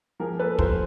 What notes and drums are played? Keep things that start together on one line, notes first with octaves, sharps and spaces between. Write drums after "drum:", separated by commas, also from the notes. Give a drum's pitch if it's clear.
F3 G#4 A#4
A#3 A4 B4
F3 A#4 C5, drum: kick